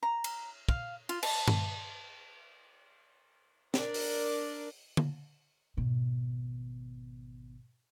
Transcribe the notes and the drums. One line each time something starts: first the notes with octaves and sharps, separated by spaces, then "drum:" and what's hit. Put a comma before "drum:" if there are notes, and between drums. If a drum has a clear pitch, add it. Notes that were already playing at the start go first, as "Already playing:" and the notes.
A#5
drum: cymbal
F5, drum: kick
F4, drum: cymbal
A5, drum: cymbal
drum: tom G2
D4 A#4 D5, drum: snare
drum: open hi-hat
drum: tom D3
G#1 B2